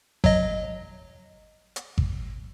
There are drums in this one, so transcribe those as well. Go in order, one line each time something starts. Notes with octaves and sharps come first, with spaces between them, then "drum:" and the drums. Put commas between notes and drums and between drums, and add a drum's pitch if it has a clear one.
F#3 D#5, drum: kick G#1
drum: hi-hat
drum: kick G#1